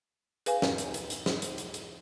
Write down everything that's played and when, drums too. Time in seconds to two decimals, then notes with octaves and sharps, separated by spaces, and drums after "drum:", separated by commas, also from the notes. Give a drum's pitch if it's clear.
0.46 G#4 B4 F5 G#5, drum: hi-hat
0.62 drum: snare
0.78 drum: hi-hat
0.94 drum: hi-hat
1.10 drum: hi-hat
1.26 drum: snare
1.42 drum: hi-hat
1.58 drum: hi-hat
1.74 drum: hi-hat